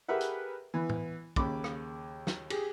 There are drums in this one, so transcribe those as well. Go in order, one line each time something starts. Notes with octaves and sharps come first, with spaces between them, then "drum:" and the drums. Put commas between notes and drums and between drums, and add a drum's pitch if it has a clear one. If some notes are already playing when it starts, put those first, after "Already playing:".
G4 G#4 A#4 B4 E5 F#5
drum: hi-hat
E3 B3
drum: tom
D#2 C#3 B5 D6, drum: kick
drum: rim click
drum: snare
G4 G#4, drum: cymbal